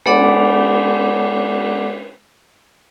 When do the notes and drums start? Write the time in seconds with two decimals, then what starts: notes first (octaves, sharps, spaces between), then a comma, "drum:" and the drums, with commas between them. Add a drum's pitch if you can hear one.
0.06 G#3 B3 A4 D5 F#5 D6, drum: cymbal